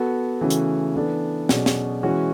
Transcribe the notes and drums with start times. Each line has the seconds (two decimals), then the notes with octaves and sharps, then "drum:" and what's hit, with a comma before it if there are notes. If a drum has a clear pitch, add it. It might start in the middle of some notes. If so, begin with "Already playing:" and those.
Already playing: B3 F#4 A4
0.41 C#3 E3 A3 C#4 F#4
0.50 drum: hi-hat
0.95 E3 B3 D4 A4
1.49 B2 F#3 C#4 G#4 D5, drum: snare
1.66 drum: snare
2.03 E3 G#3 C#4 F#4